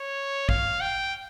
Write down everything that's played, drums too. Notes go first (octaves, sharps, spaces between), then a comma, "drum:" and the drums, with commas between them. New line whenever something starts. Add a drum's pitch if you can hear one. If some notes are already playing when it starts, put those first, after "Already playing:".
Already playing: C#5
F5, drum: kick
G5